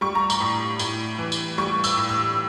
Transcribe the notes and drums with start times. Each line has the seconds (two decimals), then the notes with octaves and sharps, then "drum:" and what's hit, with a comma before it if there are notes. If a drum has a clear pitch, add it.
0.01 G3 C#6
0.15 A#5
0.30 C#6, drum: tambourine
0.40 A2
0.79 A2, drum: tambourine
1.19 E3
1.32 drum: tambourine
1.58 G3 C#6
1.84 E6, drum: tambourine
1.97 A2
2.09 E6